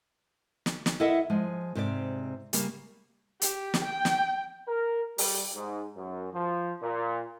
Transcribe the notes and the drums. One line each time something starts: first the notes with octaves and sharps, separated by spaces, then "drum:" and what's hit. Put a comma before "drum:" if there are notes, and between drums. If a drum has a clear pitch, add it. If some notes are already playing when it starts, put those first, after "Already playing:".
drum: snare
drum: snare
E4 A4 A#4 D#5 E5 F#5
F3 G#3
G#2 C3 G#4 D5
C#3 G3 A#3, drum: hi-hat
G4, drum: hi-hat
drum: snare
G5
drum: snare
A#4
G3, drum: open hi-hat
G#2
F#2
F3
A#2